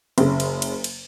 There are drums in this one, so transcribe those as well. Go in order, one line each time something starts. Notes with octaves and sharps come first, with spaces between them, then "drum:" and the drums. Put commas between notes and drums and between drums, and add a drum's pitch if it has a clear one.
F#1 C#3, drum: cymbal
drum: cymbal
drum: cymbal
drum: cymbal